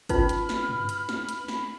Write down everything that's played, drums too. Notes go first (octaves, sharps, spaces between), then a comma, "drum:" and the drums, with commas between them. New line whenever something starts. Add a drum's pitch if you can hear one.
C#4 D#4 F4 B4 B5 F6, drum: kick G1, hi-hat
drum: hi-hat
drum: snare
drum: tom
drum: hi-hat
drum: snare
drum: hi-hat
drum: snare